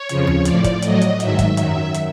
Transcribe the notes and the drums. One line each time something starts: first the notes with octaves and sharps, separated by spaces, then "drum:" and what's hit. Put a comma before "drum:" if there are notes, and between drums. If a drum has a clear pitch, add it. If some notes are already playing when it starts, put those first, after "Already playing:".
Already playing: C#5
F2 C#3 F3, drum: hi-hat
drum: tom D#2
A2 F3 D5, drum: hi-hat
drum: kick, hi-hat
A2 F#3 D#5, drum: hi-hat
drum: hi-hat
G#2 D#3 F#3 E5, drum: hi-hat
drum: kick, hi-hat
F#2 D#3 F#3, drum: hi-hat
drum: hi-hat